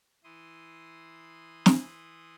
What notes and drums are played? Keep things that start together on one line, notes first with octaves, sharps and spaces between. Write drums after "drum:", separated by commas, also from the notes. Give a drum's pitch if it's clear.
E3 E4 C6 D#6
drum: snare